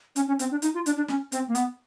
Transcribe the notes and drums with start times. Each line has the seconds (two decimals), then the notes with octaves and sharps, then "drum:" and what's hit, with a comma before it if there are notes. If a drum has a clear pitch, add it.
0.16 C#4, drum: hi-hat
0.28 C#4
0.39 C4, drum: hi-hat
0.51 D4
0.62 D#4, drum: hi-hat
0.74 F4
0.86 D4, drum: hi-hat
0.97 D4
1.08 C#4, drum: snare
1.32 C4, drum: hi-hat
1.48 A#3
1.55 B3, drum: hi-hat